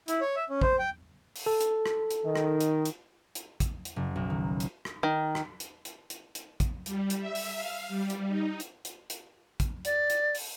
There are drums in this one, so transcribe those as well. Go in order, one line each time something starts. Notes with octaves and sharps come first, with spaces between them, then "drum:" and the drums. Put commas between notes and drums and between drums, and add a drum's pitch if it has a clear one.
E4, drum: hi-hat
C#5
E5
C#4
C5, drum: kick
G5
drum: open hi-hat
A4
drum: hi-hat
drum: rim click
drum: hi-hat
D#3
drum: rim click
drum: hi-hat
drum: hi-hat
drum: hi-hat
drum: kick, hi-hat
drum: hi-hat
F#1
B1
D#3
drum: hi-hat
drum: rim click
D#3
drum: rim click
drum: hi-hat
drum: hi-hat
drum: hi-hat
drum: hi-hat
drum: kick, hi-hat
G3, drum: hi-hat
drum: hi-hat
E5
drum: open hi-hat
F5
G3
drum: hi-hat
D#4
drum: hi-hat
drum: hi-hat
drum: hi-hat
drum: kick, hi-hat
D5, drum: hi-hat
drum: hi-hat
drum: open hi-hat